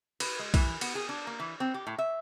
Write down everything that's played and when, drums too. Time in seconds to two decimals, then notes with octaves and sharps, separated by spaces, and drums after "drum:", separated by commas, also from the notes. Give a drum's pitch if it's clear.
0.20 B4, drum: cymbal
0.39 G#3
0.54 E3, drum: kick B1, cymbal
0.81 B3, drum: cymbal
0.95 G#4
1.09 D4
1.27 A#3
1.40 E3
1.60 C4
1.74 G4
1.87 A2
1.98 E5